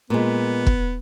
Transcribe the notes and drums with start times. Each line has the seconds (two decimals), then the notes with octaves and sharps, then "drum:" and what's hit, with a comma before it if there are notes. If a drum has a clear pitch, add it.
0.10 A#2 G#3 B3
0.67 drum: kick